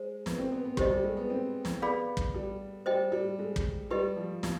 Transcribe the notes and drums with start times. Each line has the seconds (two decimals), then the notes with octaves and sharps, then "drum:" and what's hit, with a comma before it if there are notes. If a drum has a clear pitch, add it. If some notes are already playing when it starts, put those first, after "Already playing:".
Already playing: G#3 C5
0.26 B3, drum: snare
0.38 C4
0.52 B3
0.65 B3
0.77 G3 G4 C5 D#5, drum: kick
0.90 G3
1.03 G#3
1.17 B3
1.30 C4
1.65 drum: snare
1.82 B3 G#4 D5 F5 B5
2.17 drum: kick
2.34 G3
2.86 G3 C5 D#5 G5
3.12 G3
3.39 G#3
3.56 drum: kick
3.90 G3 G4 B4 D#5
4.17 F3
4.43 F3, drum: snare